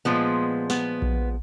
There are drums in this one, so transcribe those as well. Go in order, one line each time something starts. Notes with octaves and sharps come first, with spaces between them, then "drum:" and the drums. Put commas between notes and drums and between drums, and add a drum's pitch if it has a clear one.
A#2 F3 G#3 B3
B3, drum: snare
drum: kick A#1